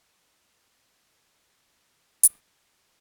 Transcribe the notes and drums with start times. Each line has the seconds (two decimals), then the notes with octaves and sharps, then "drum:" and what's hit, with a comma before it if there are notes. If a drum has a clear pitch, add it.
0.23 C#3
0.37 C#3
0.51 D3
0.66 C#3
0.80 D3
0.95 E3
1.09 D3
1.23 B2
1.38 B2
1.52 C#3
1.66 E3
1.80 F#3
2.23 drum: hi-hat
2.52 D3
2.81 B2